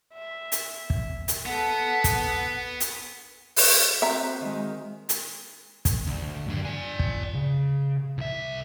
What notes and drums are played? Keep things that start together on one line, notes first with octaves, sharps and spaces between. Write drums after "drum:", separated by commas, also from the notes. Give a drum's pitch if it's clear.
E5
drum: hi-hat
drum: kick
drum: hi-hat
B3 A4 F#5
drum: kick, hi-hat
drum: hi-hat
drum: open hi-hat
C4 F#4 C5 E5 A#5
D#3 G#3
drum: hi-hat
drum: kick, hi-hat
D2
F#2 D4
D5 G#5
drum: kick
C#3
C2 E5